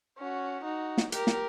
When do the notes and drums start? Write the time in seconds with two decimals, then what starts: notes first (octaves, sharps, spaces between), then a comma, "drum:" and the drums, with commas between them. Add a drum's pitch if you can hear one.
0.19 C#4 F#4
0.64 D#4 F#4
0.98 drum: snare
1.12 G4 A#4, drum: hi-hat
1.27 drum: snare